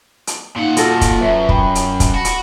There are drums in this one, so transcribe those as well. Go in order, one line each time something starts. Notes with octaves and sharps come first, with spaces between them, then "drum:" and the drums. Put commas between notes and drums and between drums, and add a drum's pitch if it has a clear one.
drum: hi-hat
A#2 D#4 F5 F#5
F4 F#4 A4 A#6, drum: hi-hat
drum: kick, hi-hat
F#2 B4 E5
G5 B5, drum: kick
drum: hi-hat
drum: kick, hi-hat
F#4 A5 B5 A#6
drum: hi-hat